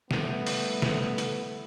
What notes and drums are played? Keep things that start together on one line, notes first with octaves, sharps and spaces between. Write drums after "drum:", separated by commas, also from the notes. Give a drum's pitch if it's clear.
G3 A3 B3 E4, drum: snare
drum: open hi-hat
drum: snare
drum: hi-hat